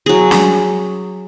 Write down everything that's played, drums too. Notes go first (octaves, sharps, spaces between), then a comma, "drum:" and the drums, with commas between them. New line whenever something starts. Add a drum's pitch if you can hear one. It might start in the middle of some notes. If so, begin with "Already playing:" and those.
F#3 G#4
drum: snare